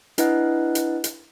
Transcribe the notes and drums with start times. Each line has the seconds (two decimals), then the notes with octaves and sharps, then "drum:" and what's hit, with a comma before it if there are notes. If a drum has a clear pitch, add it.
0.18 D4 E4 B4 D#5 F#5 F#6, drum: hi-hat
0.75 drum: hi-hat
1.04 drum: hi-hat